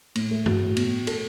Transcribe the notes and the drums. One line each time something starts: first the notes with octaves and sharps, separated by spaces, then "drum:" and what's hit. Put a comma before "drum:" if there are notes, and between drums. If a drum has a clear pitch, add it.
A2, drum: cymbal
A3
F#4, drum: tom G2
A2
B2, drum: cymbal
B2
A4, drum: cymbal